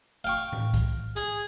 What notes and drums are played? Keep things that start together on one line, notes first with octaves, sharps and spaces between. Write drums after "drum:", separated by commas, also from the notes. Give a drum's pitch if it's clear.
F5 G5 C#6
drum: tom A2
drum: kick, hi-hat
G#4, drum: hi-hat